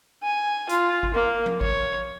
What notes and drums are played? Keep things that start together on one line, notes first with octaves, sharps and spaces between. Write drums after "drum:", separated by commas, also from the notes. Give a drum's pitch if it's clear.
G#5
F4, drum: hi-hat
drum: kick G#1
A#3
drum: tom F3
C#5, drum: kick G#1